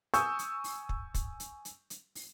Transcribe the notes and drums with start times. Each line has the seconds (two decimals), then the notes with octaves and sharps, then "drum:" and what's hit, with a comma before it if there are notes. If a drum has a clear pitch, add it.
0.14 G#5 C#6 D#6 E6 G6, drum: hi-hat
0.39 drum: hi-hat
0.64 drum: open hi-hat
0.89 drum: kick
1.14 drum: kick, hi-hat
1.40 drum: hi-hat
1.65 drum: hi-hat
1.90 drum: hi-hat
2.15 drum: open hi-hat